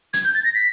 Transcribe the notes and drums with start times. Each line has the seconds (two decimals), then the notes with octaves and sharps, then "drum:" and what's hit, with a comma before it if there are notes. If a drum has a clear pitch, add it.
0.13 G#6, drum: hi-hat
0.24 G6
0.34 A6
0.44 A#6
0.55 B6